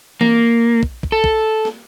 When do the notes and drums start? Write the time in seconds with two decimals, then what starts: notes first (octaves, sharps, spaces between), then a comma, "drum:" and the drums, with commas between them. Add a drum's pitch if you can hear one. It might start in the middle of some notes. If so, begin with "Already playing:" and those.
0.21 A#3, drum: tom E3
0.83 drum: kick
1.03 drum: kick
1.12 A4
1.24 drum: kick
1.65 drum: snare